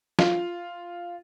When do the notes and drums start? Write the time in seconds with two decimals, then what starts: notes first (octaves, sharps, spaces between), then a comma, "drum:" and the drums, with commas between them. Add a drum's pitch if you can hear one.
0.19 F4, drum: snare